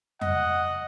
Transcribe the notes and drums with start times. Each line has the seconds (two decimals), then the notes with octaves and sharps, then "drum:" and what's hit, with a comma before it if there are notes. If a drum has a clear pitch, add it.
0.21 D#5 F#5, drum: tom F2